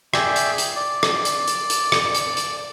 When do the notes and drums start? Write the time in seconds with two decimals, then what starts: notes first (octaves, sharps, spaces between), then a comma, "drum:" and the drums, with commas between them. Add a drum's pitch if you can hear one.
0.14 G#4 D5 E5 G5, drum: rim click
0.36 drum: hi-hat
0.58 drum: hi-hat
0.76 D5
1.03 drum: rim click
1.25 drum: hi-hat
1.48 drum: hi-hat
1.70 drum: hi-hat
1.92 drum: rim click
2.15 drum: hi-hat
2.37 drum: hi-hat